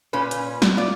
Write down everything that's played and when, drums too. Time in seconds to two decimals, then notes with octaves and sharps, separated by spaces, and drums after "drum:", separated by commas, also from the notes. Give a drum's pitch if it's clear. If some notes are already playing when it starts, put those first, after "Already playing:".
0.13 A#2 C#4 B4
0.31 drum: hi-hat
0.62 drum: snare
0.77 F4 D5